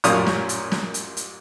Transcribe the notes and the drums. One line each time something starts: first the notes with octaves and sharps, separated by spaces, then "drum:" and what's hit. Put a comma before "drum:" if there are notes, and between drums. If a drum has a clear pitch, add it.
A1 F#2 A#2 C#5 D5 D#6, drum: hi-hat
drum: snare
drum: hi-hat
drum: snare
drum: hi-hat
drum: hi-hat